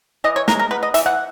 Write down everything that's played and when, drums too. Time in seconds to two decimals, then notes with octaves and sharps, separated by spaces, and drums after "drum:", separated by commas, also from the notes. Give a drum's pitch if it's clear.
0.24 E3 D#5
0.36 C#5
0.48 G#3 A#4, drum: snare
0.59 A#4
0.71 B3 B4
0.83 D#5
0.94 E3 E5, drum: hi-hat
1.06 F#5